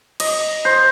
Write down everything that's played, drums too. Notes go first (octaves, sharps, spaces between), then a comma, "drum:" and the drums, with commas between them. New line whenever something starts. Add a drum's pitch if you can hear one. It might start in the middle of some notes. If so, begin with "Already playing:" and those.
D#5, drum: cymbal
C5